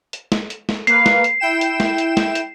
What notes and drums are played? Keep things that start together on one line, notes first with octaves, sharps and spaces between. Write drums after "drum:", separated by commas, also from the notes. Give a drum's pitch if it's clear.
drum: hi-hat
drum: snare
drum: hi-hat
drum: snare
A#3 B4 F5 C7, drum: hi-hat
drum: snare
drum: hi-hat
E4 G5 E7
drum: hi-hat
drum: snare
drum: hi-hat
drum: snare
drum: hi-hat